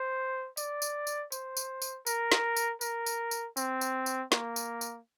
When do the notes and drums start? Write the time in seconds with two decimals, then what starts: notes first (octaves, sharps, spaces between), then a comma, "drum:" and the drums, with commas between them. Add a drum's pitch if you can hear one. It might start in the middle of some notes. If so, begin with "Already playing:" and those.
Already playing: C5
0.57 D5, drum: tambourine
0.82 drum: tambourine
1.07 drum: tambourine
1.32 C5, drum: tambourine
1.57 drum: tambourine
1.82 drum: tambourine
2.07 A#4, drum: tambourine
2.32 drum: snare
2.57 drum: tambourine
2.81 A#4, drum: tambourine
3.06 drum: tambourine
3.31 drum: tambourine
3.57 C4, drum: tambourine
3.81 drum: tambourine
4.06 drum: tambourine
4.32 A#3, drum: snare
4.56 drum: tambourine
4.81 drum: tambourine